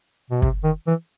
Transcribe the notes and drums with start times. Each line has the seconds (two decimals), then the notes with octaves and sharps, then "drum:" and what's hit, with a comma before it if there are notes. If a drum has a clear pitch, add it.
0.30 B2
0.42 C3, drum: kick
0.64 D#3
0.87 E3